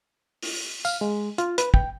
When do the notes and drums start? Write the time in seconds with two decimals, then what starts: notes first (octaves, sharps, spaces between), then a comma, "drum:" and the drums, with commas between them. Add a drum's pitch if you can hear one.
0.42 drum: open hi-hat
0.85 F5, drum: tambourine
1.01 G#3
1.38 F4, drum: hi-hat
1.58 B4, drum: hi-hat
1.74 G5, drum: kick